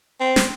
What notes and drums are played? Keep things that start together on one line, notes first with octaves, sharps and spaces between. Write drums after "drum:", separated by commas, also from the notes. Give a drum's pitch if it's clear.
C4
drum: snare